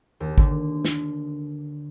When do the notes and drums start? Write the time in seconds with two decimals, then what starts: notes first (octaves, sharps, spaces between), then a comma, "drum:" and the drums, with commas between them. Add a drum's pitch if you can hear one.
0.20 D#2
0.38 D3, drum: kick G#1
0.85 drum: snare